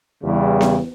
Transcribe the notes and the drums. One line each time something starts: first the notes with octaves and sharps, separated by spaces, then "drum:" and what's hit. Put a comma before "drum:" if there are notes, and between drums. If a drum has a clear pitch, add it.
E2 C#3 G3
drum: snare B3